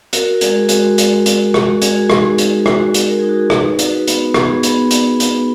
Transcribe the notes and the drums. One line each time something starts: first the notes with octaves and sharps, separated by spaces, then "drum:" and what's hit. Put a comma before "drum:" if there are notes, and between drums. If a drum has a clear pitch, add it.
F#4 A#4, drum: hi-hat
G#3 G#4, drum: hi-hat
G#3 F#4, drum: hi-hat
G#3, drum: hi-hat
F#4, drum: hi-hat
F#4, drum: rim click
G#3 G#4, drum: hi-hat
F#4
D#4 G#4, drum: rim click
G#3, drum: hi-hat
G#3 F#4, drum: rim click
F#4, drum: hi-hat
A#4
D#4 G#4
F#4
G#4
D#4 B4, drum: rim click
F#4, drum: hi-hat
B4
B3, drum: hi-hat
B3 G#4, drum: rim click
B3, drum: hi-hat
B3, drum: hi-hat
B3, drum: hi-hat